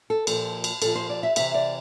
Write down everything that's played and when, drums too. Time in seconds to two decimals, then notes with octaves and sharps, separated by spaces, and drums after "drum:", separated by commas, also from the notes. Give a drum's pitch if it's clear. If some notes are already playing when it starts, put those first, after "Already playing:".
0.10 A4
0.27 A#2 F3 A4, drum: cymbal
0.64 drum: cymbal
0.82 A#2 F3 A4, drum: cymbal
0.95 C5
1.10 D5
1.23 E5
1.36 C3 E3 E5, drum: cymbal
1.54 D5